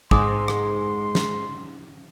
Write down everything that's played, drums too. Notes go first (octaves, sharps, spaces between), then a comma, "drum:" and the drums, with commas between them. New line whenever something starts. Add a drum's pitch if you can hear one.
G#2 G#3 C4 G#4 G#5 C6 D6 D#6, drum: kick
drum: rim click
drum: snare